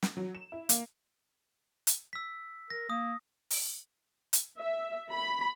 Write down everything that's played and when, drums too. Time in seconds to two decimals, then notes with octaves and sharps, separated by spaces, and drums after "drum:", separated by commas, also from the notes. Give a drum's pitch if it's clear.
0.03 drum: snare
0.17 F#3
0.35 E7
0.52 E4
0.69 A#3, drum: hi-hat
1.87 drum: hi-hat
2.13 E6 B6
2.70 A#4 A#6
2.90 A#3 D#6
3.50 drum: open hi-hat
4.33 drum: hi-hat
4.58 E5
5.12 B5